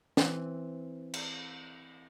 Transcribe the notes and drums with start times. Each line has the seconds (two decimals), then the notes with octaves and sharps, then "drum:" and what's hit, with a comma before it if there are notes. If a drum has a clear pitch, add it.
0.17 E3 C4, drum: snare
1.14 drum: cymbal